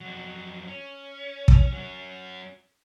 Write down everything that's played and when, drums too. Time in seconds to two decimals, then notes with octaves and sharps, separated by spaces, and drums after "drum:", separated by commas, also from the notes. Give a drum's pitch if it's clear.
0.01 F2 F#3
0.68 C#4
1.48 drum: kick
1.73 F#3 C#4